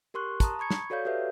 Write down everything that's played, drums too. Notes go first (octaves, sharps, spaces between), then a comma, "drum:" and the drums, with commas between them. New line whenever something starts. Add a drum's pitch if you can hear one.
G4 A#4 C6 C#6 F#6
A5 A#5 D#6, drum: kick, hi-hat
B5 C#6 G#6 C#7
drum: snare
F#4 A4 C#5 D5 F5 G6
F#4 G4 A4 B4 E5